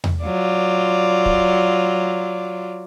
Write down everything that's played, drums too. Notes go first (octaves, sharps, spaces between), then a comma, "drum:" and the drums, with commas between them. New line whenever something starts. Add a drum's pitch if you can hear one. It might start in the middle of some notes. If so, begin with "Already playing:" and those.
drum: tom E2
F#3 F4 D5
drum: kick